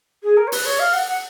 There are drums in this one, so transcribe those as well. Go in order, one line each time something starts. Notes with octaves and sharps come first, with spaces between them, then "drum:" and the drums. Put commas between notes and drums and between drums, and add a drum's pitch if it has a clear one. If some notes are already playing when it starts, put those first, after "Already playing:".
G#4
A#4
C#5
B4, drum: open hi-hat
C#5
F5
F#5
F#5